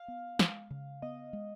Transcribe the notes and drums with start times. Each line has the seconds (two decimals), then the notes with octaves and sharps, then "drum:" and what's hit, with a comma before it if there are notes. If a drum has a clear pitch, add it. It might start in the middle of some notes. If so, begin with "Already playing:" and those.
Already playing: F5
0.08 B3
0.39 G#3, drum: snare
0.71 C#3
1.02 B3 D#5
1.33 G#3